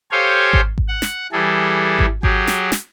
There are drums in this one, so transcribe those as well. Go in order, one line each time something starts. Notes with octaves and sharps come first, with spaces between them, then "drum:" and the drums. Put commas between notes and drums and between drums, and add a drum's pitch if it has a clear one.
G4 A4 C5 C#5 F5 G#5
drum: kick G#1
drum: kick G#1
F#5
drum: snare
E3 G3 G#4 A4
drum: kick G#1
F#3 G4 G#4, drum: kick G#1
drum: snare
drum: snare